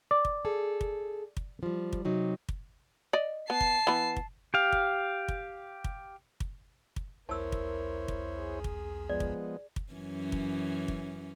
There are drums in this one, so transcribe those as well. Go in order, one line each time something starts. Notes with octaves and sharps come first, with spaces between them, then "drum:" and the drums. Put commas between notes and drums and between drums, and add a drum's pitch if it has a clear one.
D5
drum: kick
G#4 A4
drum: kick
drum: kick
F3 G3
drum: kick
C3 F#3 D#4
drum: kick
D5 D#5
B3 A5 C7
drum: kick
E3 B3
drum: kick
G4 F5
drum: kick
drum: kick
drum: kick
drum: kick
drum: kick
B1 E2 E4 A#4 C5 C#5 A5 E6
drum: kick
drum: kick
G#4
drum: kick
F3 G#3 B3 D5
drum: kick
drum: kick
F#2 E3 C#4
drum: kick
drum: kick